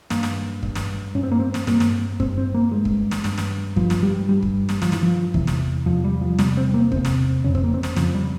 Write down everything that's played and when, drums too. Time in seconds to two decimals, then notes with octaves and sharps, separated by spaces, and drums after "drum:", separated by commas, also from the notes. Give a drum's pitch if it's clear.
0.10 G2 A#3, drum: snare
0.23 drum: snare
0.63 G2, drum: kick
0.75 drum: snare
1.15 G2 C#4
1.23 C4
1.32 A#3
1.40 C4
1.54 drum: snare
1.67 G2 A#3, drum: snare
1.80 drum: snare
2.20 G2 C4, drum: kick
2.38 C4
2.54 A#3
2.71 G2 G#3
2.85 drum: kick
3.11 drum: snare
3.24 G2, drum: snare
3.38 drum: snare
3.76 G2 F3, drum: kick
3.90 drum: snare
4.03 G3
4.29 G2 G3
4.43 drum: kick
4.69 drum: snare
4.82 G2 F3, drum: snare
4.92 E3, drum: snare
5.03 F3
5.34 E2 C3 E3, drum: kick
5.47 drum: snare
5.86 E2 C3 F3
6.04 G3
6.21 F3
6.39 E2 C3 G3, drum: snare
6.57 C4
6.74 A#3
6.92 E2 C3 C4, drum: kick
7.05 drum: snare
7.44 F2 C#3 C#4
7.55 C4, drum: kick
7.64 A#3
7.74 C4
7.83 drum: snare
7.96 F2 C#3 F3, drum: snare
8.15 G3